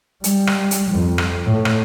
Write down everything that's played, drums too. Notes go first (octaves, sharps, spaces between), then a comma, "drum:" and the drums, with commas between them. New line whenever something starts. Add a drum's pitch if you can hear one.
G3, drum: hi-hat
drum: rim click
drum: hi-hat
F2
drum: rim click
A2
drum: rim click